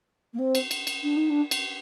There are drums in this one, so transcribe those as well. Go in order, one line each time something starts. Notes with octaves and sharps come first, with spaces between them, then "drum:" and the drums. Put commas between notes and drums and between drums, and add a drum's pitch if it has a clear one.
A#3
C4
drum: cymbal
drum: cymbal
drum: cymbal
D4
D#4
D4
drum: cymbal